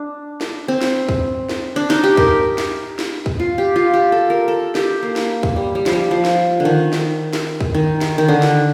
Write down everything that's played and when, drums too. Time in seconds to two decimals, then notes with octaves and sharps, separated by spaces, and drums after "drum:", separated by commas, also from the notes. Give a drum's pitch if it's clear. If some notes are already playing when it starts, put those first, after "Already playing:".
Already playing: D4
0.41 drum: snare
0.68 C4
0.81 drum: snare
1.09 drum: kick
1.49 drum: snare
1.76 D4
1.90 D#4, drum: snare
2.04 G4
2.17 A#4, drum: kick
2.58 drum: snare
2.99 drum: snare
3.26 drum: kick
3.40 F4
3.58 G4
3.76 F4
3.94 G4
4.12 A4
4.30 A#4
4.48 A4
4.75 G4, drum: snare
5.02 A#3
5.16 drum: snare
5.43 drum: kick
5.56 G3
5.75 G3
5.86 F3, drum: snare
5.93 G3
6.11 F3
6.25 drum: snare
6.60 D3
6.65 D#3
6.93 drum: snare
7.33 drum: snare
7.61 drum: kick
7.74 D#3
8.01 drum: snare
8.18 D#3
8.28 D3
8.42 drum: snare